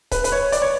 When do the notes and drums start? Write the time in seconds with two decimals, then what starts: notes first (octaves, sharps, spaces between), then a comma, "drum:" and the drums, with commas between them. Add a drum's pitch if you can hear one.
0.12 B4, drum: kick C#1, hi-hat
0.24 B4, drum: hi-hat
0.32 C#5
0.52 D5, drum: hi-hat
0.62 C#5